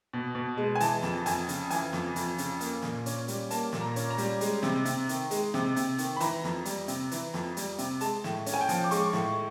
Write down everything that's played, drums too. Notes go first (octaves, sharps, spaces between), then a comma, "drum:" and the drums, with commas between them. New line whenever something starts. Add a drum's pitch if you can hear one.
B2
B2
G#3
G#5
E3 A5, drum: hi-hat
F2, drum: snare
F2 G#5, drum: hi-hat
C#3, drum: hi-hat
E3 G#5, drum: hi-hat
F2, drum: snare
F2, drum: hi-hat
C#3, drum: hi-hat
A#3, drum: hi-hat
A#2, drum: snare
C#4, drum: hi-hat
G3, drum: hi-hat
A#3 A5, drum: hi-hat
A#2, drum: snare
A#5
C#4, drum: hi-hat
A#5
G3, drum: hi-hat
G#3, drum: hi-hat
C3, drum: snare
C3, drum: hi-hat
D#3, drum: hi-hat
G#3, drum: hi-hat
C3, drum: snare
C3, drum: hi-hat
D#3, drum: hi-hat
B5
E3 A#5, drum: hi-hat
F2, drum: snare
G3, drum: hi-hat
C3, drum: hi-hat
E3, drum: hi-hat
F2, drum: snare
G3, drum: hi-hat
C3, drum: hi-hat
G#3 A5, drum: hi-hat
A2, drum: snare
C#4, drum: hi-hat
G#5
G5
F3, drum: hi-hat
D6
G#3 C#6, drum: hi-hat
A2, drum: snare